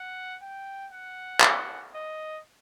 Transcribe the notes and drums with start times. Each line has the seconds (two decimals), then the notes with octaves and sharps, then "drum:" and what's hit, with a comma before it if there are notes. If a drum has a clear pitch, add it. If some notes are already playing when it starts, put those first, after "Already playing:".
Already playing: F#5
0.42 G5
0.93 F#5
1.41 drum: clap
1.94 D#5